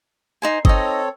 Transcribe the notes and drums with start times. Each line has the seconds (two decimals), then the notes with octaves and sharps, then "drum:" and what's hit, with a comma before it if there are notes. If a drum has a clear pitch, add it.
0.42 D#4 C5 G#5
0.65 C4 D#4 A4 C#5 D#5, drum: kick G1